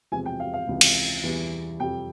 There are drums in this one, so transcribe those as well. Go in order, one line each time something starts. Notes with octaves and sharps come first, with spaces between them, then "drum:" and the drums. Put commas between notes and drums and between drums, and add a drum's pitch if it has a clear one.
E2 C3 F3 G#3 G#5
G5
F5
F5
C#2 C3 E3
drum: cymbal
E2 E3 G3
F2 C3 G3 G5